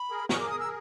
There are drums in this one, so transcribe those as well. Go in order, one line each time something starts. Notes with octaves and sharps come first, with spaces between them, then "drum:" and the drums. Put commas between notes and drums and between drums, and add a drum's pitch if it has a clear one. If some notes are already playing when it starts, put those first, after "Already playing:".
Already playing: B5
G#4 A#4
G#4 A#4 C#6, drum: snare
D6
D#6
E6